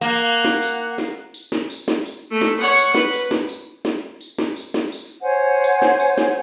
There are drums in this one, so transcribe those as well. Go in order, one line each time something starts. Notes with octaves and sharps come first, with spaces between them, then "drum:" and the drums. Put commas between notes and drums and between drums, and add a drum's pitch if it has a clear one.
A#3 F#5
drum: snare
drum: tambourine
drum: snare
drum: tambourine
drum: snare
drum: tambourine
drum: snare
drum: tambourine
A3
drum: snare
C#5 F#5
drum: tambourine
B4, drum: snare
drum: tambourine
drum: snare
drum: tambourine
drum: snare
drum: tambourine
drum: snare
drum: tambourine
drum: snare
drum: tambourine
C5 C#5 F#5 G#5
drum: tambourine
drum: snare
drum: tambourine
drum: snare